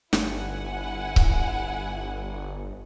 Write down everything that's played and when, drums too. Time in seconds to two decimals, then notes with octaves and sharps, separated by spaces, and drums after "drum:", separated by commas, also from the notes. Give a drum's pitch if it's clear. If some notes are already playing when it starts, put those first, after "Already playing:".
0.13 G1 E4 F#5 G#5, drum: snare
1.16 drum: kick C#1